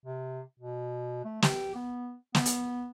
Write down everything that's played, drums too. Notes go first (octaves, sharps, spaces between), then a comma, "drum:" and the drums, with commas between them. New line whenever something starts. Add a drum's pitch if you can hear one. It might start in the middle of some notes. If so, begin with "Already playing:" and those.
C3
B2
A3
G4, drum: snare
B3
B3, drum: snare
drum: hi-hat